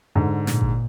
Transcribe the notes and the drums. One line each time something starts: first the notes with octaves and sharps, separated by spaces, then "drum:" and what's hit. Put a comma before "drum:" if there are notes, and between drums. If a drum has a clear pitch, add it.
G#2 D3
A#2, drum: snare
drum: kick G#1